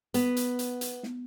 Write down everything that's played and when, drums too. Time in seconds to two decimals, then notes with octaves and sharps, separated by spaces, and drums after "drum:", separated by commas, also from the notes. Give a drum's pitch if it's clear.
0.14 B3, drum: hi-hat
0.37 drum: hi-hat
0.59 drum: hi-hat
0.81 drum: hi-hat
1.03 drum: snare